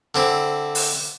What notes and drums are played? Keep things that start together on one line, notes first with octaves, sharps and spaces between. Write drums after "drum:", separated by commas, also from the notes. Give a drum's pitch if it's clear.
D3 C4 E4
drum: open hi-hat